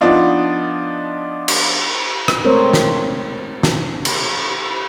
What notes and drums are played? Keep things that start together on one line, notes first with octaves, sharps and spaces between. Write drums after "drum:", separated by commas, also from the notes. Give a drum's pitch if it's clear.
F3 B3 D4 D#4 F4
drum: cymbal
drum: rim click
G#3 A3 C4 A#4 C5 C#5
drum: snare
drum: snare
drum: cymbal